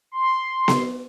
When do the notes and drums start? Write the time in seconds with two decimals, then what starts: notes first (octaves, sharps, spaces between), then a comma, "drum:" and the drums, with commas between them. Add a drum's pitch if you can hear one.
0.12 C6
0.68 drum: snare B3